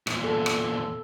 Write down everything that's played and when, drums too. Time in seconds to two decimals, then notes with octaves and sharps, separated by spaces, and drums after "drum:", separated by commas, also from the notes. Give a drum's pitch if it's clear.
0.07 E2 A#2, drum: rim click
0.24 A4
0.46 drum: rim click